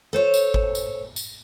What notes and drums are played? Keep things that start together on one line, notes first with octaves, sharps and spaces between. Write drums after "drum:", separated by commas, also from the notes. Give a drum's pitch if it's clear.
A4 C5 C#5
drum: tambourine
drum: kick G#1
drum: tambourine
drum: tambourine